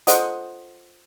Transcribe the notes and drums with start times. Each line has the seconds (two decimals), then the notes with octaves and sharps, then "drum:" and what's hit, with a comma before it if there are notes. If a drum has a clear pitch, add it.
0.07 F4 A4 C5 D#5 F#5 D#6, drum: hi-hat